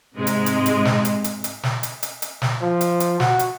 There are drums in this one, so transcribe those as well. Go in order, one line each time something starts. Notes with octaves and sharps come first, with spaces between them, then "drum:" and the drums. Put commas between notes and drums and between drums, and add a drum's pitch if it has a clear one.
G#2 C3 G#3
drum: hi-hat
drum: hi-hat
drum: hi-hat
drum: snare
drum: hi-hat
drum: hi-hat
drum: hi-hat
drum: snare
drum: hi-hat
drum: hi-hat
drum: hi-hat
drum: snare
F3
drum: hi-hat
drum: hi-hat
F#4, drum: snare
drum: hi-hat